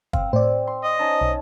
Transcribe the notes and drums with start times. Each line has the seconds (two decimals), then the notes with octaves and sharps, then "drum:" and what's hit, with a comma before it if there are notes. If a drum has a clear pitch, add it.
0.13 C4 F5, drum: kick
0.33 A2 C5 D5
0.67 C6
0.84 D#5
0.99 C#4 D#4 A5
1.21 B1